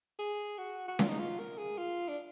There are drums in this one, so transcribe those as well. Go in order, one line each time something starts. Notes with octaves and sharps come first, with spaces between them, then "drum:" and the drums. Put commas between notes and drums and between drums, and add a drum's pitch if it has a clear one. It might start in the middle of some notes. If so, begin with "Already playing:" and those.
G#4
F#4
F#4
F4, drum: snare C#4
D#4
F4
A#4
G#4
F4
D4